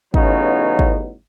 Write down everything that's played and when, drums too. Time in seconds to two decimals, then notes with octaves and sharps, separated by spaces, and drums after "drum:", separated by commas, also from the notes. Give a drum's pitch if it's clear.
0.14 A1 E2 C#3 F#3 B3 D#4, drum: kick
0.79 drum: kick